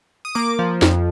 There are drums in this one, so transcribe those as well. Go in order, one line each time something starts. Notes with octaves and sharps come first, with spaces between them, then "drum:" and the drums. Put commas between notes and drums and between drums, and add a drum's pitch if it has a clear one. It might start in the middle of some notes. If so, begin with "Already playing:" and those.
D#6
A#3 D6
F3
F2, drum: snare D#4